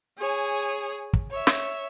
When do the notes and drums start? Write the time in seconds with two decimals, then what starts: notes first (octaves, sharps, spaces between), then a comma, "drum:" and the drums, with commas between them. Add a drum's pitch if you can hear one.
0.17 G#4 C#5 G#5
1.13 drum: kick
1.30 C#5 E5
1.47 drum: snare